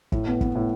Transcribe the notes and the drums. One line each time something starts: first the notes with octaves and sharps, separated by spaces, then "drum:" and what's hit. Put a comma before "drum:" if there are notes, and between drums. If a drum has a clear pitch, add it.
A2, drum: kick
B3
B3, drum: kick
A2